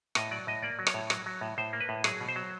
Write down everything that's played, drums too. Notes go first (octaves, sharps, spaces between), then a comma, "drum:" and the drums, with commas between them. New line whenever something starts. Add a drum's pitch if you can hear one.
A2 D#5, drum: rim click
F#3 D5
A2 D#5
A#3 D5
F#3
C#5, drum: rim click
A2
F#3, drum: rim click
F#3
A2
A2 C5
A#3
B4
A2
F#3 G#4, drum: rim click
B2
C5
F#3